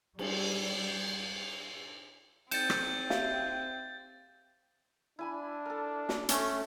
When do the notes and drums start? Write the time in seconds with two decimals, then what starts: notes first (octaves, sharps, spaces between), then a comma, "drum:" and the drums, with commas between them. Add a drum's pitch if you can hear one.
0.19 G3, drum: cymbal
2.51 C4 G6 A6 C#7 E7, drum: cymbal
2.70 drum: rim click
3.10 G4 E5 F5, drum: snare
5.19 D4 E4 G#5 B5
5.66 A4 A#4
6.09 drum: snare
6.29 A3 C#4 A4, drum: hi-hat